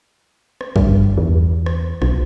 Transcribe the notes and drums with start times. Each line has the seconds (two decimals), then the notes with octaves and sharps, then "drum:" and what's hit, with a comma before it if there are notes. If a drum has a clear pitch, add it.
0.61 drum: rim click
0.76 G2, drum: kick
1.17 E2
1.66 drum: rim click
2.02 B1, drum: rim click